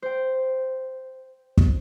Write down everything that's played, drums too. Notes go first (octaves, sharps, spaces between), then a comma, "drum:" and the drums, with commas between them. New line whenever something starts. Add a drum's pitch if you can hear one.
C5 G5
drum: kick